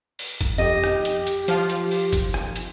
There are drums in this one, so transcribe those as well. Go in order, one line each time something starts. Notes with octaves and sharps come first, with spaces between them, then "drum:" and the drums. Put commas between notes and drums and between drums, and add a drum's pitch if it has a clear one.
drum: open hi-hat
drum: kick, hi-hat
F2 G4 D#5
drum: rim click
drum: hi-hat
drum: hi-hat
F3 F4, drum: hi-hat
drum: hi-hat
drum: open hi-hat
drum: kick, hi-hat
drum: rim click
drum: hi-hat